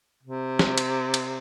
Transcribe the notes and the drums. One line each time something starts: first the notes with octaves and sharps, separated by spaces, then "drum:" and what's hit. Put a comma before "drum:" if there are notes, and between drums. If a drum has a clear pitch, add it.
C3
drum: snare
drum: cymbal
drum: cymbal